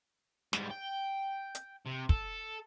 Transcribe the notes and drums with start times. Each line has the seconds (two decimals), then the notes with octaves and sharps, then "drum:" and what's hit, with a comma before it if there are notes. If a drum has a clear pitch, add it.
0.53 G#2 G3, drum: snare
0.70 G5
1.55 drum: hi-hat
1.86 C3
2.09 A4, drum: kick